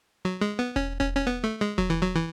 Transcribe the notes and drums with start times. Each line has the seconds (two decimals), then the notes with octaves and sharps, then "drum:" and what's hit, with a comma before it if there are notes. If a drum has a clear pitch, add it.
0.25 F#3
0.41 G#3
0.59 B3
0.76 C#4, drum: kick E1
1.01 C#4, drum: kick E1
1.16 C#4
1.27 B3
1.44 A3
1.61 G#3
1.78 F#3, drum: kick E1
1.90 E3
2.02 F#3
2.16 E3